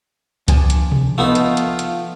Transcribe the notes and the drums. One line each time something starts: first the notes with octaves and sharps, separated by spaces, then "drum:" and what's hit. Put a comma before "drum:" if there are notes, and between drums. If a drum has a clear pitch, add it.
F3 D4 G#5, drum: kick C#2, hi-hat
drum: hi-hat
drum: tom B2
A3 B3 D#4 F4
drum: hi-hat
drum: hi-hat
drum: hi-hat